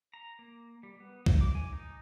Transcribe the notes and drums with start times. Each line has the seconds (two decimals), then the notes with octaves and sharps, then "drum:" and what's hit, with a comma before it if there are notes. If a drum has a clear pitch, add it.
0.14 A#5
0.39 A#3
0.83 G3
1.00 B3
1.26 D#4, drum: kick
1.41 D6
1.55 G#5
1.73 D#4